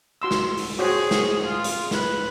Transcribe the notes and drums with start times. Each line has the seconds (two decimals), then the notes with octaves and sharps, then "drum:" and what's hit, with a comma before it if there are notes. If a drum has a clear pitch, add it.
0.22 F#4 C6 E6
0.31 drum: snare
0.57 drum: open hi-hat
0.79 F#4 G#4 C5 C#5
1.11 drum: snare
1.44 F4
1.64 drum: hi-hat
1.91 B4, drum: snare